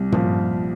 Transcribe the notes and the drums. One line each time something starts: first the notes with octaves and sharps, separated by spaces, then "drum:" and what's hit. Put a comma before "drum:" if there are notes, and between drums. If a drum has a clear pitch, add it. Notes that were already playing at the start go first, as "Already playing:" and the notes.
Already playing: C2
A#2 F3, drum: tom